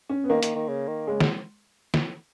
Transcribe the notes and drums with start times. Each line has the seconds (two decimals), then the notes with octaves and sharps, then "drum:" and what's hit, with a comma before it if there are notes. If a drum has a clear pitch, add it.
0.09 C#4
0.24 B3
0.29 D#3 A#3
0.43 D#3, drum: hi-hat
0.56 D#3
0.68 C#3
0.88 D#3
1.07 C#3 G#3
1.20 drum: snare
1.94 drum: snare